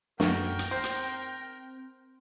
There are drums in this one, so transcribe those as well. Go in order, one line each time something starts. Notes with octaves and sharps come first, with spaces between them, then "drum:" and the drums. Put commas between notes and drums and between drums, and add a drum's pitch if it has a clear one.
F#2 A#2 F#4 A#4 G5, drum: snare
drum: hi-hat
C4 C5
drum: hi-hat